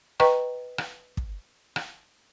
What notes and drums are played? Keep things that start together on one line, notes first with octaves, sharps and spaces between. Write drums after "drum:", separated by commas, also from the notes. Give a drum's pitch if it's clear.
B4 D#5 G5 A#5 C#6, drum: rim click
drum: rim click
drum: kick
drum: rim click